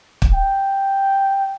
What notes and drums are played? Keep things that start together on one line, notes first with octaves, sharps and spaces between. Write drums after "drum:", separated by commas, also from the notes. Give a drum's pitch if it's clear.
drum: kick
G5